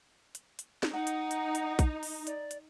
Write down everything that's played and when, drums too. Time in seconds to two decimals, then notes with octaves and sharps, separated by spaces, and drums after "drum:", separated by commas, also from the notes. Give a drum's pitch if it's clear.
0.35 drum: hi-hat
0.59 drum: hi-hat
0.83 drum: snare
0.93 D#4 F#5
1.07 drum: hi-hat
1.31 drum: hi-hat
1.55 drum: hi-hat
1.79 drum: kick, hi-hat
2.03 drum: open hi-hat
2.27 D5, drum: hi-hat
2.51 drum: hi-hat